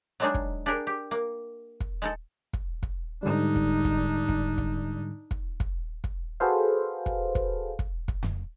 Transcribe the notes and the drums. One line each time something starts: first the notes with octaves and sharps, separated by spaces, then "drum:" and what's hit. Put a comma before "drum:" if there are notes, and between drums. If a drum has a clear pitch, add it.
F#3 G#3 C4 D4 D#4 G#4
drum: kick
D4 G4 G#4 A#4
G4
A#3
drum: kick
G#3 D#4 A4
drum: kick
drum: kick
G#2 D3 G3 D4 D#4
drum: kick
drum: kick
drum: kick
drum: kick
drum: kick
drum: kick
drum: kick
F#4 G#4 A4 B4 C5 F5
drum: kick
drum: kick
drum: kick
drum: kick
drum: tom F2